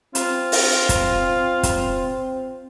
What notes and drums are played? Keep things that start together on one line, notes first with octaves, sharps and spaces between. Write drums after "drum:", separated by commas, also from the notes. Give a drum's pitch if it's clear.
C4 F4, drum: hi-hat
drum: open hi-hat
drum: kick, hi-hat
drum: kick, hi-hat